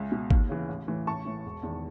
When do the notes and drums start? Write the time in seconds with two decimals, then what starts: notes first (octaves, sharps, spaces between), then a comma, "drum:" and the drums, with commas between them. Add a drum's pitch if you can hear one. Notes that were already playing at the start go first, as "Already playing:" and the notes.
Already playing: C#2 E5 G#5
0.12 B2
0.30 D#2, drum: kick G#1
0.49 C#3 E3
0.69 A1
0.88 A2 E3
1.07 A1 A5 C#6
1.25 A2 E3
1.45 E1
1.63 E2 D#3